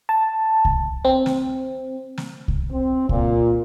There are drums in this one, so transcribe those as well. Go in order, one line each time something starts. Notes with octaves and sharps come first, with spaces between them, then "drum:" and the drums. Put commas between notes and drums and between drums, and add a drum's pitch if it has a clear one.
A5
drum: kick C2
C4
drum: snare
drum: snare
drum: kick C2
C4
A#2, drum: kick C2